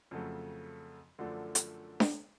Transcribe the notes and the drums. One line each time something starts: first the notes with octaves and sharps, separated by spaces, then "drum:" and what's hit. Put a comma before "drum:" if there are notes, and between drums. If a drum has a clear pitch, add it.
F2 C#3 F#3 A3
F#2 D3 F3 A3 D4
drum: hi-hat
drum: snare D4